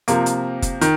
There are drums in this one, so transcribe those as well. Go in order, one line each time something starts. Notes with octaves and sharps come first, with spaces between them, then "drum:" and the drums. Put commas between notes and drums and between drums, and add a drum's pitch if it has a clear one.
C3 F3 A#3, drum: hi-hat
drum: hi-hat
drum: kick F#1, hi-hat
D#3, drum: hi-hat